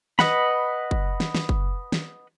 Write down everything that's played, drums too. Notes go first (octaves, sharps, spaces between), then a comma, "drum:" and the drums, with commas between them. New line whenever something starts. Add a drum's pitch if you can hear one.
B4 D#5 F#5 B5, drum: snare
drum: kick F#1
drum: snare
drum: snare
drum: kick F#1
drum: snare